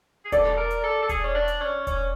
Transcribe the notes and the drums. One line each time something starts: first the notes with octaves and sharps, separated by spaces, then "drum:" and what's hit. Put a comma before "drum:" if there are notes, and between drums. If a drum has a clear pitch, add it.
G#4
A4 D5, drum: kick E1, hi-hat
A#4
drum: hi-hat
A4
A4
G#4, drum: kick E1, hi-hat
C#4
D4
drum: hi-hat
C#4
C#4, drum: kick E1, hi-hat